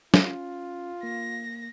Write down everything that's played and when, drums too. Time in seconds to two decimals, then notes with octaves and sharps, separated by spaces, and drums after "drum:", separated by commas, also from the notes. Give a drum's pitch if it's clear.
0.14 C#4 F4, drum: snare
1.03 A#3 A#6